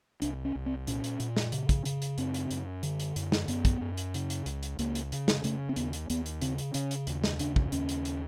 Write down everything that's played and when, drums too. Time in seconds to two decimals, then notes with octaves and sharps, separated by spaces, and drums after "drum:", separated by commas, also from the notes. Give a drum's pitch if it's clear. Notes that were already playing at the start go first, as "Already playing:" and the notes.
0.22 C2 D4, drum: hi-hat
0.45 C#4
0.56 C2
0.66 C4
0.87 A#2 C#4, drum: hi-hat
1.04 drum: hi-hat
1.20 A#2, drum: hi-hat
1.36 drum: snare
1.52 C#3, drum: hi-hat
1.69 drum: kick, hi-hat
1.85 C#3, drum: hi-hat
2.02 drum: hi-hat
2.18 F#2 C4, drum: hi-hat
2.34 drum: hi-hat
2.51 F#2, drum: hi-hat
2.83 D3, drum: hi-hat
3.00 drum: hi-hat
3.16 F#2, drum: hi-hat
3.32 drum: snare
3.48 F#2 B3, drum: hi-hat
3.65 drum: kick, hi-hat
3.81 F#2
3.97 drum: hi-hat
4.14 C#3, drum: hi-hat
4.30 drum: hi-hat
4.46 C#2, drum: hi-hat
4.63 drum: hi-hat
4.79 C#2 A#3, drum: hi-hat
4.95 drum: hi-hat
5.12 C#3, drum: hi-hat
5.28 drum: snare
5.44 C#3 A3, drum: hi-hat
5.69 C4
5.76 D#2 B3, drum: hi-hat
5.93 drum: hi-hat
6.10 D#2 B3, drum: hi-hat
6.26 drum: hi-hat
6.41 C#3 C4, drum: hi-hat
6.58 drum: hi-hat
6.74 C#3 C#4, drum: hi-hat
6.91 drum: hi-hat
7.07 D#2, drum: hi-hat
7.24 drum: snare
7.39 C#3 D4, drum: hi-hat
7.56 drum: kick
7.72 D#2 C#4, drum: hi-hat
7.89 drum: hi-hat
8.05 drum: hi-hat